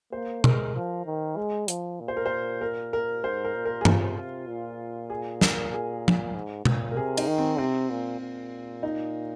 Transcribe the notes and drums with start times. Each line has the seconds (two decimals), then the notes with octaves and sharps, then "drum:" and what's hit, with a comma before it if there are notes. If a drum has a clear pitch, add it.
0.12 A#3 C5
0.44 G#3 A#4, drum: tom
0.75 F3
1.06 D#3
1.37 G#3
1.68 F3, drum: hi-hat
2.00 A#2
2.08 C5
2.17 A#4
2.26 C5
2.61 A#4
2.93 A#4
3.24 G#2 C5
3.45 A#4
3.55 A#2
3.65 A#4
3.81 G#4
3.85 C3 F4, drum: tom
4.17 C3
4.48 A#2
5.10 G#4
5.41 A#4, drum: snare
5.73 G#4
6.08 drum: tom
6.34 G#2
6.65 A#2, drum: tom
6.91 A#4
6.96 C3 G#4
7.17 D#4, drum: cymbal
7.27 D#3
7.38 C4
7.58 C3 C4
7.90 A#2
8.21 A#2
8.83 D#4